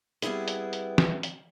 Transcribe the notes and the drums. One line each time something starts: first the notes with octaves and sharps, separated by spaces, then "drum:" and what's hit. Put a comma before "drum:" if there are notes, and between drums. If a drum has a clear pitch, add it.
G3 B3 C4 E4 G#4, drum: hi-hat
drum: hi-hat
drum: hi-hat
drum: snare
drum: hi-hat